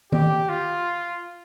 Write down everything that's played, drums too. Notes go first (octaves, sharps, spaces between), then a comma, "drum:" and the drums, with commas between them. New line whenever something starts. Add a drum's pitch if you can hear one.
G4, drum: tom D#3
F4